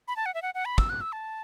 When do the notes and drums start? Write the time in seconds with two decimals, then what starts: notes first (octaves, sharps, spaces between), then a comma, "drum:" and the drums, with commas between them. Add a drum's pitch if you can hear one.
0.08 B5
0.16 A5
0.26 F#5
0.34 E5
0.42 F#5
0.55 F#5
0.65 B5
0.78 E6, drum: kick
0.90 F#6
1.01 E6
1.12 A5